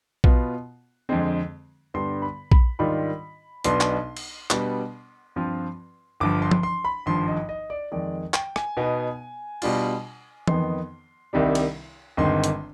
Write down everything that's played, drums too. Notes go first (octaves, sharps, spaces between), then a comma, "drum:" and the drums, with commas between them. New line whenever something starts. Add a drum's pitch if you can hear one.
B2 B3 F4, drum: kick A#1
F2 D3 G#3 C4
G2 D3 G3 B3 C6
B5
B5, drum: kick A#1
G#2 D#3 G3 D4 F4 B5
B1 B2 B3 D4 C6, drum: hi-hat
drum: clap
drum: cymbal
B2 G3 B3 D4, drum: clap
G2 F3 C4 F4
G1 G2 F3 D6
C6
drum: tom F3
C6
B5
G#1 G2 F3 C6
D#5
D#5
D5
F2 D#3 G#3 D5
G5, drum: clap
G#5, drum: rim click
B2 B3 D#4
B2 G3 D4 F4, drum: cymbal
F2 D#3 B3 D#4 C6, drum: tom E3
C2 C3 D#3 G3 D4
drum: cymbal
G1 G2 D#3 G#3 C4 C6
drum: hi-hat